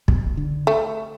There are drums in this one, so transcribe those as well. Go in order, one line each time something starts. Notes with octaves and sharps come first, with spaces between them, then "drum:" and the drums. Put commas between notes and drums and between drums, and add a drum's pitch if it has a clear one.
B2, drum: kick
D3
A3